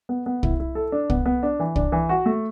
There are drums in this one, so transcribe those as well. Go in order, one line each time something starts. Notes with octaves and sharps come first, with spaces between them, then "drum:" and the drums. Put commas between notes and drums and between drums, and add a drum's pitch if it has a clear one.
B3
B3
E4, drum: kick
E4
A4
D4
B3, drum: kick
B3
D4
E3
D4, drum: kick
E3
F#4
A3